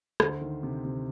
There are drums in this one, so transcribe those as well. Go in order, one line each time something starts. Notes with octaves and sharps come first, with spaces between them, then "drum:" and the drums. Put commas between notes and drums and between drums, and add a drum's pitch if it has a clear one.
D2 C5, drum: rim click
D#3
C3
C3